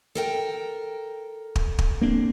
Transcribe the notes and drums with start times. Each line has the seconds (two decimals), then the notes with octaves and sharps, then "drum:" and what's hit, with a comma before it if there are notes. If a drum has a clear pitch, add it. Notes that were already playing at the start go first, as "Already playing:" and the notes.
0.15 A4 A#4 G5
1.56 drum: kick
1.79 drum: kick
2.02 A#3 C4 D4